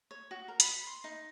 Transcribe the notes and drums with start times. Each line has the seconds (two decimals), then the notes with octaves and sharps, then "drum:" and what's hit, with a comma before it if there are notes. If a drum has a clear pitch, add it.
0.11 C#5
0.31 F#4
0.48 A#4
0.60 B5, drum: hi-hat
0.87 C6
1.04 D#4